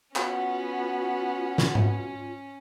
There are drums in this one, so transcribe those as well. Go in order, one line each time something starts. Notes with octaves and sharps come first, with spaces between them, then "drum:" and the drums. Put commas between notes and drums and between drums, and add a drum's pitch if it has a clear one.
B3 C#4 F4 F#4 F#5, drum: clap
drum: snare
drum: tom G#2